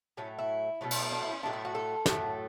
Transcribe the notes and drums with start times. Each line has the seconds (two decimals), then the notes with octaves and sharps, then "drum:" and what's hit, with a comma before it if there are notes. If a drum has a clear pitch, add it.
0.17 A2 F#3 A3 C#4
0.39 E4
0.81 B2 F#3 A3
0.91 drum: cymbal
1.12 D4
1.22 E4
1.32 C#4
1.43 A2 F#3 A3 D4
1.53 E4
1.65 F#4
1.75 A4
2.06 A2 F#3 A3, drum: snare